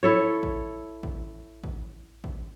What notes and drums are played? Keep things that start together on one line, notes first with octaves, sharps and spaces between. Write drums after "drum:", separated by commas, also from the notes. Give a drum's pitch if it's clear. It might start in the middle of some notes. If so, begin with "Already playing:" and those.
E4 A4 C#5
drum: kick A1
drum: kick A1
drum: kick A1
drum: kick A1